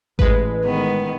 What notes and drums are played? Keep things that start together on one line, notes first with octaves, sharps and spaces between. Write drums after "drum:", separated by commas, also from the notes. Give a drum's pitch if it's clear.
A1 G#3 B4, drum: kick G#1
D#3 B3